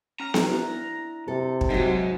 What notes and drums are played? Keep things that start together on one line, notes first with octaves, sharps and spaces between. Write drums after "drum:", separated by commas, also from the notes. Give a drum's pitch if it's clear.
C#4 A#5 F6
drum: snare B3
D4 E4
C3 A4
drum: kick
G#2 F#3 D#4